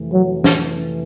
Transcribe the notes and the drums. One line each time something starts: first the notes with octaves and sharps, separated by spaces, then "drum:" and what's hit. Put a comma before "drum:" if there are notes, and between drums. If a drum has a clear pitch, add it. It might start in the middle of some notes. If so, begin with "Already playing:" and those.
Already playing: F2 C3 E3 A3
F#3
drum: snare